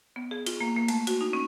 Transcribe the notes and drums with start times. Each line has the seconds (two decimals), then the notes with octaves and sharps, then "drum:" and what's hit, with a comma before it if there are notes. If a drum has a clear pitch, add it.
0.16 B3
0.31 G#4
0.46 F4, drum: cymbal
0.61 A#3
0.76 A#3
0.88 A3, drum: cymbal
1.07 F#4, drum: cymbal
1.21 D#4
1.33 C#4